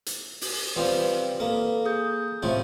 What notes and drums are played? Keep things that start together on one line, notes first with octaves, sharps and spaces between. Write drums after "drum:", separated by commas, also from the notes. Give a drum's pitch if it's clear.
drum: hi-hat
drum: open hi-hat
F3 G3 C4 B4
A#3 A4 B4
G#4 D#6 G6
A2 C3 F3